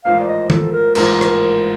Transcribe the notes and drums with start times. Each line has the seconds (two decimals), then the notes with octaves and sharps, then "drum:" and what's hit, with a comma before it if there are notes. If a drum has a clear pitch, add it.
0.05 A1 G#2 F3 A#3 F5
0.20 D5
0.27 D#5
0.50 A4, drum: tom D#3
0.72 A#4
0.95 A1 G#2 F3 A#3 A#4, drum: cymbal
1.21 drum: rim click